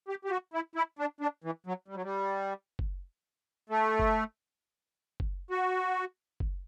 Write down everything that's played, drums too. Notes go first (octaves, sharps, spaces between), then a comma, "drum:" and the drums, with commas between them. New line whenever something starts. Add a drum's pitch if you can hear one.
G4
G4
F#4
E4
E4
D4
D4
E3
F#3
G3
F#3
G3
drum: kick F#1
A3
drum: kick F#1
drum: kick F#1
F#4
drum: kick F#1